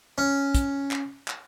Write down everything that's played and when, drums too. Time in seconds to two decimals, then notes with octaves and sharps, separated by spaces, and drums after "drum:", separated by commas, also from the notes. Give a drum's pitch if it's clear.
0.18 C#4
0.54 drum: kick, hi-hat
0.91 drum: clap
1.28 drum: clap